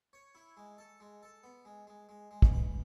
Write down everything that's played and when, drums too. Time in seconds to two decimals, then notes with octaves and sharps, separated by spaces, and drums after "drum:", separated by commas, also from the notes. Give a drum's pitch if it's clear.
0.13 C#5
0.35 E4
0.57 G#3
0.78 A4
1.00 G#3
1.23 A4
1.44 B3
1.65 G#3
1.87 G#3
2.09 G#3
2.31 G#3
2.42 drum: kick
2.53 B4